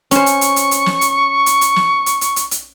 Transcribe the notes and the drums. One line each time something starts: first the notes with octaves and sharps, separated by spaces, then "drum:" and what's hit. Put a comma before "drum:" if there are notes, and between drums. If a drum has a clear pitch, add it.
C#4 C5 C#6, drum: hi-hat
drum: hi-hat
drum: hi-hat
drum: hi-hat
drum: hi-hat
drum: snare
drum: hi-hat
drum: hi-hat
drum: hi-hat
drum: snare
drum: hi-hat
drum: hi-hat
drum: hi-hat
drum: hi-hat